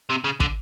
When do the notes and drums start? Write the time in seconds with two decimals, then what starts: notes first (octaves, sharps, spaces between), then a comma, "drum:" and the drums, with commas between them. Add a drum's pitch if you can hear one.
0.10 C3
0.24 C#3
0.40 D3, drum: kick